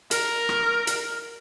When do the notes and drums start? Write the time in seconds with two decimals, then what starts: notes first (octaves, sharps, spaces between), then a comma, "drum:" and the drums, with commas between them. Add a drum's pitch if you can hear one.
0.11 A#4, drum: hi-hat
0.49 drum: rim click
0.87 drum: hi-hat